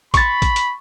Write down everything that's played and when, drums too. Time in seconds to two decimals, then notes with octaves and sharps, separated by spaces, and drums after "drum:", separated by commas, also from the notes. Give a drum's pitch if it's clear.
0.14 B5 C#6 A6, drum: kick A1, hi-hat
0.42 drum: kick A1, hi-hat
0.56 drum: hi-hat